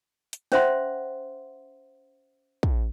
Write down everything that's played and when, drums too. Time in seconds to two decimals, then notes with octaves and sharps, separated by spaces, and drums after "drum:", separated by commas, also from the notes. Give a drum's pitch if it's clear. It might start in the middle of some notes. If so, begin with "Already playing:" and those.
0.33 drum: hi-hat
0.52 C#4 C5 E5 F#5 C6, drum: snare
2.63 drum: kick